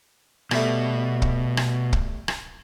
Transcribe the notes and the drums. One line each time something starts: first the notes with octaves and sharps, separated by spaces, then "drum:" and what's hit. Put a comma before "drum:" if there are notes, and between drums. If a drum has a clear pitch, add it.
B2 G3 A3, drum: rim click
drum: kick
drum: rim click
drum: kick
drum: rim click